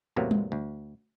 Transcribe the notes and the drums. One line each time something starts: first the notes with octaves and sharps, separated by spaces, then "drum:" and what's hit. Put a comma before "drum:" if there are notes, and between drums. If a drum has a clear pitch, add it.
E2 A2 C3 F#3 A#3 B3
drum: tom G3
D2